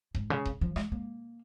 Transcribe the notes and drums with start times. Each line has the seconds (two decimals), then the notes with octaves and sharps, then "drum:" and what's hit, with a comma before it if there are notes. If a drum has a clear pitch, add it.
0.15 G#2, drum: kick D#1
0.30 C#3
0.45 drum: kick D#1
0.61 F3
0.76 G#3, drum: rim click
0.92 A#3